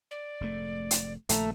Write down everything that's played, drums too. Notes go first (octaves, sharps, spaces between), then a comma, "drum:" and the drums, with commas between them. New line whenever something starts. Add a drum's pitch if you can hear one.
D5
F1 G#2 A3
drum: hi-hat
A#1 A#2 D#3 A3 A#5, drum: hi-hat